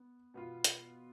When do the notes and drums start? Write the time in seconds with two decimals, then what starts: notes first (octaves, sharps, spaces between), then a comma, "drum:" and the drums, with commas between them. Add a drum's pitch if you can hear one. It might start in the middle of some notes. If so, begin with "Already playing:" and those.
Already playing: B3
0.34 B2 B3 F4
0.64 drum: hi-hat